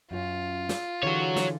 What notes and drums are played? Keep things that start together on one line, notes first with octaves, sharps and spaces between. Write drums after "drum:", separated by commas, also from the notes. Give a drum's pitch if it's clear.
F#2 C#4 F4
drum: snare
D3 E3 F#4 G#4 C#5
drum: snare